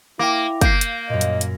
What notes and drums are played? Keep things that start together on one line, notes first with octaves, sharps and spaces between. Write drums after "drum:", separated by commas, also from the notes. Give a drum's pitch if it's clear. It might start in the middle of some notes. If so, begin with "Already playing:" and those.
A#3 E4 G5 D6
A#3 G6 C7, drum: kick, hi-hat
drum: hi-hat
F#2 A#2 D#5
drum: hi-hat
drum: hi-hat